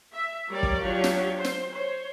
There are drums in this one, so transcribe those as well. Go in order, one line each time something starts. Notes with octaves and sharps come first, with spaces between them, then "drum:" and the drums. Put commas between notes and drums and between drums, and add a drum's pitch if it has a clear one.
E5
G3 A#4 C#5 D5
drum: kick
F#3 D4 F4 G4 C#5
drum: snare
C5
drum: snare
C5 C#5